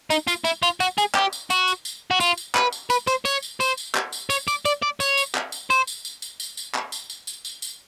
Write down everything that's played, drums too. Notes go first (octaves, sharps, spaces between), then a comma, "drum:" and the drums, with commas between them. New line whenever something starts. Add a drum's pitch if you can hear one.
D#4, drum: tambourine
F4, drum: tambourine
E4, drum: tambourine
F4, drum: tambourine
F#4, drum: tambourine
G#4, drum: tambourine
G4, drum: clap
drum: tambourine
F#4, drum: tambourine
drum: tambourine
drum: tambourine
F#4
F4, drum: tambourine
drum: tambourine
B4, drum: clap
drum: tambourine
B4, drum: tambourine
C5, drum: tambourine
C#5, drum: tambourine
drum: tambourine
C5, drum: tambourine
drum: tambourine
drum: clap
drum: tambourine
C#5, drum: tambourine
D5, drum: tambourine
D5, drum: tambourine
D5
C#5, drum: tambourine
drum: tambourine
drum: clap
drum: tambourine
C5, drum: tambourine
drum: tambourine
drum: tambourine
drum: tambourine
drum: tambourine
drum: tambourine
drum: clap
drum: tambourine
drum: tambourine
drum: tambourine
drum: tambourine
drum: tambourine